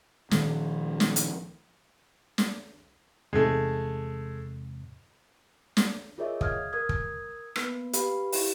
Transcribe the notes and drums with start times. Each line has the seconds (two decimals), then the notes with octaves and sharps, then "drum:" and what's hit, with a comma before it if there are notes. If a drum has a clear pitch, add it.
0.31 A#2 D#3 F3, drum: snare
1.00 drum: snare
1.16 drum: hi-hat
2.38 drum: snare
3.33 E2 G#2 C3 G#3 A3
5.77 drum: snare
6.18 F4 G#4 A#4 C#5 D#5 E5
6.41 F5 D#6 F6 G#6, drum: kick
6.73 A#4 D#6 G#6
6.89 drum: kick
7.56 A#3 B3 B4, drum: rim click
7.93 G4 B4 F5 B5, drum: hi-hat
8.32 E4 G4 F5, drum: open hi-hat